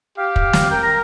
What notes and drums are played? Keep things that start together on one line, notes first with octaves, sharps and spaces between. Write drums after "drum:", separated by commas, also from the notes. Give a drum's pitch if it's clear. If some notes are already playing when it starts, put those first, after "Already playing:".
G4 F5
drum: kick
drum: snare
A#4 G5
A#5